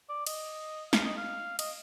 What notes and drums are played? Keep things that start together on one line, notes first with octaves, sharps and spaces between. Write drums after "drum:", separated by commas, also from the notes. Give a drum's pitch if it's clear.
D5
D#5, drum: cymbal
F5, drum: snare
D#5
F5
D#5, drum: cymbal